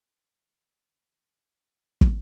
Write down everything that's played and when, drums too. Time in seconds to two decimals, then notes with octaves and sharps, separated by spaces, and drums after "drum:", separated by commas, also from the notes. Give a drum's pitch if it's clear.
0.22 F#3 F#4
0.45 D#3
1.55 C4 F4
2.01 drum: kick